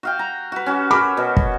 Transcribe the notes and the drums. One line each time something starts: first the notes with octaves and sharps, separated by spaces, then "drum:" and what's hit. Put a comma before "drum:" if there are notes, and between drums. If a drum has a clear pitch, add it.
F#4 F5 G5
A#5
F#4 B4
C#4 F#4
A#4 B5 D6
B2
drum: kick